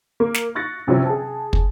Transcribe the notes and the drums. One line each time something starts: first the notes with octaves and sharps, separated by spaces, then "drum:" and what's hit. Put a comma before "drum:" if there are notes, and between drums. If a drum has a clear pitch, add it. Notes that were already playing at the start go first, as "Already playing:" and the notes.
A#3
drum: snare
C#6 F#6 A6 A#6 C#7
G2 C3 F3 F#3 C#4
G#4 A5
drum: kick